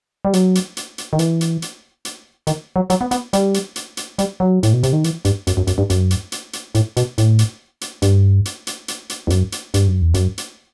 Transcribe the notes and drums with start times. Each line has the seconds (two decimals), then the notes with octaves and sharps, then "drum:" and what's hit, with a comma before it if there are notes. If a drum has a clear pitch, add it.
0.25 G3
0.33 F#3, drum: hi-hat
0.55 drum: hi-hat
0.77 drum: hi-hat
0.98 drum: hi-hat
1.13 D#3
1.19 E3, drum: hi-hat
1.41 drum: hi-hat
1.62 drum: hi-hat
2.05 drum: hi-hat
2.47 D#3, drum: hi-hat
2.76 F#3
2.90 F#3, drum: hi-hat
3.01 B3
3.11 B3, drum: hi-hat
3.33 G3, drum: hi-hat
3.54 drum: hi-hat
3.76 drum: hi-hat
3.97 drum: hi-hat
4.19 G3, drum: hi-hat
4.40 F#3
4.63 A2, drum: hi-hat
4.73 B2
4.83 C3, drum: hi-hat
4.93 D#3
5.04 E3, drum: hi-hat
5.25 G2, drum: hi-hat
5.47 F#2, drum: hi-hat
5.57 F#2
5.67 F#2, drum: hi-hat
5.78 G2
5.90 F#2, drum: hi-hat
6.11 drum: hi-hat
6.32 drum: hi-hat
6.53 drum: hi-hat
6.75 A2, drum: hi-hat
6.97 B2, drum: hi-hat
7.18 A2, drum: hi-hat
7.39 drum: hi-hat
7.81 drum: hi-hat
8.02 G2, drum: hi-hat
8.45 drum: hi-hat
8.67 drum: hi-hat
8.88 drum: hi-hat
9.09 drum: hi-hat
9.27 E2
9.30 F#2, drum: hi-hat
9.52 drum: hi-hat
9.74 G2, drum: hi-hat
9.87 F#2
10.01 E2
10.14 F#2, drum: hi-hat
10.38 drum: hi-hat